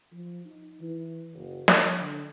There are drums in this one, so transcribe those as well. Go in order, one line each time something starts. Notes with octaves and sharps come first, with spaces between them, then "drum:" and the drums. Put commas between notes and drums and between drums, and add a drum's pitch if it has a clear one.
F3
D#4
E3
F#1
C#5, drum: snare
D3